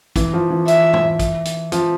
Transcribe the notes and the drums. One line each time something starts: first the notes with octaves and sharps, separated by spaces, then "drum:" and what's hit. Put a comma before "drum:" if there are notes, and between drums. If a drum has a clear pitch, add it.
E3, drum: kick, hi-hat
F3
E3
E5, drum: hi-hat
drum: tom G#2
drum: kick, hi-hat
drum: hi-hat
F3, drum: hi-hat